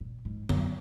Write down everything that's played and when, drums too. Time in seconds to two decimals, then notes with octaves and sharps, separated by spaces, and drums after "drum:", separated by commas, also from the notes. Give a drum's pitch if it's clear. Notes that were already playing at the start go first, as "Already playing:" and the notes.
0.01 A#2
0.25 G#2
0.49 F#2, drum: tom D3